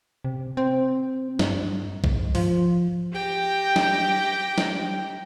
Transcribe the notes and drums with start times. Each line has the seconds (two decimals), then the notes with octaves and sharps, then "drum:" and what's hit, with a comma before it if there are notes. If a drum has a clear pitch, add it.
0.25 C3
0.57 C4
1.39 G2, drum: snare
2.04 G#2, drum: kick A#1
2.35 F3, drum: open hi-hat
3.12 G4 G5 A#6
3.76 drum: snare
4.58 drum: snare